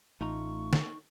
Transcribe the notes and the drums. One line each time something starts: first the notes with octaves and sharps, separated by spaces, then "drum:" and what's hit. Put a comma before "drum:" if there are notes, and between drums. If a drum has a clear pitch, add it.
A1 A3 D#4 F4 A#5 C#6
drum: snare